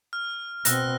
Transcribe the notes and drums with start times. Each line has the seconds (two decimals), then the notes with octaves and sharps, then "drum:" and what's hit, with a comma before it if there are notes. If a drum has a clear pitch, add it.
0.13 F6
0.65 B2 C4 E6 F#6 A#6, drum: hi-hat